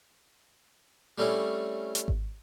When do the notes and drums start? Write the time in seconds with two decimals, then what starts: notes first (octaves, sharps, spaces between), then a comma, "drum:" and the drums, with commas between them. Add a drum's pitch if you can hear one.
1.18 G3 A3 C4 C#4 E4
1.95 drum: hi-hat
2.08 drum: kick G#1